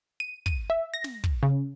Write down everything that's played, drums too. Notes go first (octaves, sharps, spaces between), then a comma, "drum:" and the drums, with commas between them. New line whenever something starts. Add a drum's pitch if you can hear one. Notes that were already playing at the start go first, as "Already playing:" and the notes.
D#7
D#7, drum: kick
E5
A#6
drum: snare
drum: kick
C#3